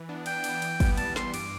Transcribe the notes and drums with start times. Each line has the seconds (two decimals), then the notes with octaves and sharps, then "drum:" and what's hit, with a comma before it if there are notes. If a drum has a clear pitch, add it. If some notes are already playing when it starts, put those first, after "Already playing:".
Already playing: E3
0.09 B3 D4
0.26 E3 G5, drum: cymbal
0.44 B3 D4, drum: cymbal
0.62 E3, drum: cymbal
0.80 G3 B3, drum: kick, cymbal
0.97 E3 A5, drum: cymbal
1.16 G3 B3 C6, drum: snare
1.34 G2 D6, drum: cymbal